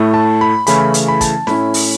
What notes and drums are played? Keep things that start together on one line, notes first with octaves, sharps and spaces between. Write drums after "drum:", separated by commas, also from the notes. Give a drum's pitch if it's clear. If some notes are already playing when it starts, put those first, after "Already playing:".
Already playing: A2 A3 E4
A5
B5
C#3 E3 A3 C#4 E4 B5, drum: hi-hat
drum: hi-hat
B5
A5, drum: kick, hi-hat
A2 A3 C#4 E4 B5, drum: snare
drum: open hi-hat